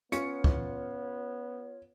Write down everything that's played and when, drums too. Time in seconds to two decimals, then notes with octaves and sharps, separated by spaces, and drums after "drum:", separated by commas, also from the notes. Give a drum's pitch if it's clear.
0.12 B3 C#4 F4 C#5 C#7, drum: hi-hat
0.44 drum: kick